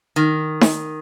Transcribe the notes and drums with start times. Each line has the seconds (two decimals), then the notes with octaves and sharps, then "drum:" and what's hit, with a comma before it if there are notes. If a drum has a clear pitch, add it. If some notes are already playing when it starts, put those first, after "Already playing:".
0.16 D#3
0.61 drum: snare D#4